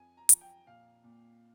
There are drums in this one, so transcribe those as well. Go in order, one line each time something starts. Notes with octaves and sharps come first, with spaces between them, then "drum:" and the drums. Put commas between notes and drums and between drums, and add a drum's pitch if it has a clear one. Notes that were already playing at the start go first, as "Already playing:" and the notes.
Already playing: F2 G#5
A#5
F3, drum: hi-hat
G5
A#2 F5
A#2